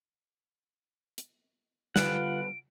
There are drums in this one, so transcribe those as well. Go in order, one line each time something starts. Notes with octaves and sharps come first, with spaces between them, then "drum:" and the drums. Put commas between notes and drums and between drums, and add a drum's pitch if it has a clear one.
drum: hi-hat
D3 G3 F4 B4 F#5 D7, drum: snare